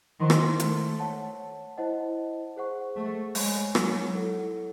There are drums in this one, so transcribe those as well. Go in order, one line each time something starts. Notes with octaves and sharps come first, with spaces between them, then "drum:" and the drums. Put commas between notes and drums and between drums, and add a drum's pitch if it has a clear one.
D#3 E4 C5 F#5 C6
drum: rim click
A3, drum: hi-hat
C#5 F#5 A5
E4 C5 D#5 F#5 A5
G#4 C5 F#5 C#6
A3
G#3 C#5 G#5 C#6, drum: open hi-hat
F#3, drum: rim click
E4 A4 C#5 F#5